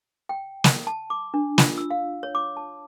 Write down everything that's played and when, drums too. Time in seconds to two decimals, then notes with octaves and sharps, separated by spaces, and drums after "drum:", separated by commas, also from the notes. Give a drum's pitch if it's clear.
0.29 G5
0.64 drum: snare
0.87 A5
1.10 D6
1.34 D4
1.58 F4, drum: snare
1.78 E6
1.90 F5
2.23 C#5
2.35 D6
2.57 A5